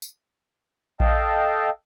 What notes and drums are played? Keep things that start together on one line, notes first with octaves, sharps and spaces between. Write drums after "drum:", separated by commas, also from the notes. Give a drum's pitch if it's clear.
drum: tambourine
A4 D#5 F5 G5 A5, drum: kick A#1